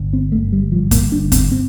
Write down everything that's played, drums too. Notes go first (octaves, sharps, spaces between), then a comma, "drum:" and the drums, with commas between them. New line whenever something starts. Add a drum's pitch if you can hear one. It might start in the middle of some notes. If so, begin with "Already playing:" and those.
Already playing: G1 D3
C4
G1 A3
G3
G2 F3
A#3, drum: kick, hi-hat
G1 D4
C4, drum: kick, hi-hat
C4